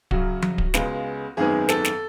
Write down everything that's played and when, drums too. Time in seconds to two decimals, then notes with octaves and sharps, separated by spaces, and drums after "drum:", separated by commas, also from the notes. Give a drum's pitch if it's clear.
0.11 F#2 C#3 F#3 F#4, drum: kick D1
0.42 drum: tom F3
0.58 drum: kick D1
0.74 C#2 C#3 G#3 B3, drum: snare
1.37 G#1 F#2 D#3 G#3 B3 G#4
1.69 A4, drum: snare
1.85 drum: snare